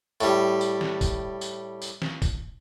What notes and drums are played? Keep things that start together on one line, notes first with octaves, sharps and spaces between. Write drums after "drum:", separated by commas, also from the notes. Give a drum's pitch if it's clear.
A2 G3, drum: tambourine
drum: tambourine
drum: snare
drum: kick, tambourine
drum: tambourine
drum: tambourine
drum: snare
drum: kick, tambourine